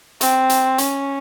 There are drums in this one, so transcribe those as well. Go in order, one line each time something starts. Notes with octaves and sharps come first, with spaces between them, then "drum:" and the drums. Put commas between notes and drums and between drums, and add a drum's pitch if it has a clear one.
C4, drum: hi-hat
drum: hi-hat
C#4, drum: hi-hat